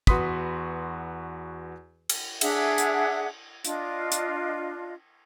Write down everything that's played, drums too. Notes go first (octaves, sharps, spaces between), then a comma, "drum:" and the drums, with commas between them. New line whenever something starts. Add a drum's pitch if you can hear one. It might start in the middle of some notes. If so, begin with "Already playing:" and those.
E2 F#4 B4 C6 D#6 B6, drum: kick
drum: cymbal
D4 G#4 E5 F#5, drum: cymbal
drum: hi-hat
D4 F4 D#5, drum: hi-hat
drum: hi-hat